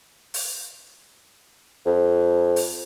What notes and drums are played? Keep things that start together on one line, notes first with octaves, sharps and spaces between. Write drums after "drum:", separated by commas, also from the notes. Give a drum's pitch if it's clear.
drum: open hi-hat
F2
drum: open hi-hat